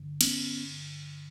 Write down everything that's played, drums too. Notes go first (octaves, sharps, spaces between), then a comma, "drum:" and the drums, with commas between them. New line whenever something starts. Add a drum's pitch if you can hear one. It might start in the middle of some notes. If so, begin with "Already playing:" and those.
Already playing: G2 D3
B3 C#4, drum: cymbal